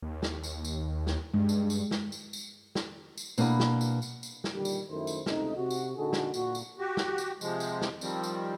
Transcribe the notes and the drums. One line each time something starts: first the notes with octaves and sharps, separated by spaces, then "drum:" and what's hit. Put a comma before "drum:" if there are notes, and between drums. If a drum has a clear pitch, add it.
D#2
drum: snare
drum: tambourine
drum: tambourine
drum: snare
G2 G#3
drum: tambourine
drum: tambourine
drum: snare
drum: tambourine
drum: tambourine
drum: snare
drum: tambourine
B2 A#3 D4 E4 B4, drum: tambourine
drum: snare
drum: tambourine
drum: tambourine
drum: tambourine
drum: snare
A#2 D3 D#3 G3
drum: tambourine
F#2 D#3 A3 E4 C5
drum: tambourine
C#2 C3 A3 D#4, drum: snare
C3 F#4
drum: tambourine
A#2 D3 D#4 F#4 G#4 A4
drum: snare
A#2 F#4, drum: tambourine
drum: tambourine
F#4 G4
drum: snare
drum: tambourine
C3 F3 G#3, drum: tambourine
drum: tambourine
drum: snare
D#3 F3 G3 C4, drum: tambourine
drum: tambourine